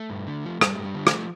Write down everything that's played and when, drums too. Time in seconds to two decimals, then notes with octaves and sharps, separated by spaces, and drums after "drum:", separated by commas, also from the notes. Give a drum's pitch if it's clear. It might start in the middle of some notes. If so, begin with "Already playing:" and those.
Already playing: A3
0.10 G2
0.27 D3
0.45 F3
0.61 G2 G3, drum: rim click
0.74 G2 A3
0.84 G3
0.95 D3
1.07 A3, drum: rim click
1.12 F3